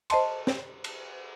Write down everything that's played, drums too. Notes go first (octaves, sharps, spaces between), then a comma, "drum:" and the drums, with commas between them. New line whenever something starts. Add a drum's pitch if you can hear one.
C5 D#5 A5 C6, drum: cymbal
drum: snare
drum: cymbal